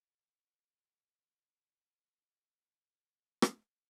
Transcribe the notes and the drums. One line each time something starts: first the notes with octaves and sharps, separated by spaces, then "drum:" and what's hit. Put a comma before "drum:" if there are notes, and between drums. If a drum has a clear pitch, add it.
E4 G4
D#2 A#2
B4 G#5 B5 C6
drum: rim click